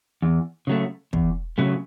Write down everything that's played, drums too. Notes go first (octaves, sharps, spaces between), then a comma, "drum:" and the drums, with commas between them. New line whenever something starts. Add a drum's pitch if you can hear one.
E2
C#3 F#3 A3
E2, drum: kick
C#3 F#3 A3